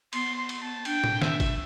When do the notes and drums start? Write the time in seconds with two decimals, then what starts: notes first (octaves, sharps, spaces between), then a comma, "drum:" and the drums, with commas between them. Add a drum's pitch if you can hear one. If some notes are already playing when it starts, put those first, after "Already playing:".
0.13 B3 C6, drum: cymbal
0.37 C6
0.49 drum: cymbal
0.61 A5
0.85 D4 G5, drum: cymbal
1.04 drum: tom A2
1.22 E5, drum: snare D#3
1.40 drum: kick, cymbal